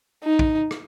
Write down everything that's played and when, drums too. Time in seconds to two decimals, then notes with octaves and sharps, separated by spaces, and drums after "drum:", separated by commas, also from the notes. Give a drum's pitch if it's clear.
0.24 D#4
0.39 drum: kick
0.71 drum: rim click